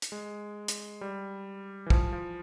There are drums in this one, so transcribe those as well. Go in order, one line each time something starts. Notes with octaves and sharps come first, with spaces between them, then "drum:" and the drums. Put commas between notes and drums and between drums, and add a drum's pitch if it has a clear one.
drum: hi-hat
G#3
drum: hi-hat
G3
E3
F3, drum: kick
F3